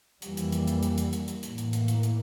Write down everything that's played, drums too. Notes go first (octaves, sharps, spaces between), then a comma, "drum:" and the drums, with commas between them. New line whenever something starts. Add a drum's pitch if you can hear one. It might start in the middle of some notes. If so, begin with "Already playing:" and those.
F2 E3 G3 A#3, drum: hi-hat
drum: hi-hat
drum: hi-hat
drum: hi-hat
drum: hi-hat
drum: hi-hat
drum: hi-hat
drum: hi-hat
A2 E3 A#3, drum: hi-hat
drum: hi-hat
drum: hi-hat
drum: hi-hat
drum: hi-hat